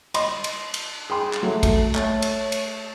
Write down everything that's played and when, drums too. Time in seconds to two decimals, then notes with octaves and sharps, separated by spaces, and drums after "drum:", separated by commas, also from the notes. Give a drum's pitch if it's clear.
0.14 D#5 C6, drum: cymbal
0.44 drum: cymbal
0.74 drum: cymbal
1.10 G#4 G5 C6
1.33 drum: clap
1.43 F#3 A3
1.63 drum: kick, cymbal
1.95 A3 C#5, drum: clap
2.22 drum: cymbal
2.52 drum: cymbal